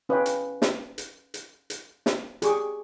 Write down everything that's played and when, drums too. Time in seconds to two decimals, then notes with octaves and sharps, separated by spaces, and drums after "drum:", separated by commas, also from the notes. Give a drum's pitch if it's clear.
0.09 C#4 B4 C#5 D#5 F5 G5
0.26 drum: hi-hat
0.62 drum: snare
0.98 drum: hi-hat
1.34 drum: hi-hat
1.70 drum: hi-hat
2.06 drum: snare
2.42 G4 G#4 C#6 D6, drum: hi-hat